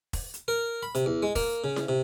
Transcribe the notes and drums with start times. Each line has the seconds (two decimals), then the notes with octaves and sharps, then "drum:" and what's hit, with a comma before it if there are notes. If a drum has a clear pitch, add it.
0.13 drum: kick, open hi-hat
0.34 drum: hi-hat
0.48 A#4
0.83 B5
0.95 C3, drum: hi-hat
1.06 E2
1.23 G#3
1.36 A#3, drum: kick, open hi-hat
1.64 C#3
1.76 drum: snare E4
1.89 C3